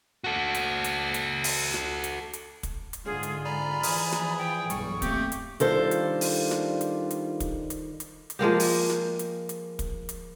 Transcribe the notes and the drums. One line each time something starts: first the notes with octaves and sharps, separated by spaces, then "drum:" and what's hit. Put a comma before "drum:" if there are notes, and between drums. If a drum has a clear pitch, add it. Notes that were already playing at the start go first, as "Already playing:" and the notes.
F#4 A4
drum: hi-hat
drum: hi-hat
drum: hi-hat
drum: open hi-hat
drum: snare
drum: hi-hat
drum: hi-hat
drum: kick, hi-hat
drum: hi-hat
G#2 D3 G#3 F4 G#4
drum: hi-hat
D5 G#5 A#5 B5
E3 F3 G#4, drum: open hi-hat
drum: snare
G5
B1 E2 G2 G3 C#6, drum: hi-hat
A3 A#3 C4 G4, drum: kick, hi-hat
drum: hi-hat
D#3 G3 D4 F4 A4 C5, drum: hi-hat
drum: hi-hat
drum: open hi-hat
drum: snare
drum: hi-hat
drum: hi-hat
drum: kick, hi-hat
drum: hi-hat
drum: hi-hat
drum: hi-hat
F3 G#3 A#3 G4
drum: open hi-hat
drum: snare
drum: hi-hat
drum: hi-hat
drum: kick, hi-hat
drum: hi-hat